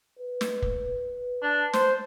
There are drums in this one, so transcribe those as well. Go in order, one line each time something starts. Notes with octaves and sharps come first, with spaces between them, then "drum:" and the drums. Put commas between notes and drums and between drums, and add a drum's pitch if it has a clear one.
B4
drum: snare
drum: kick
D4
C5, drum: snare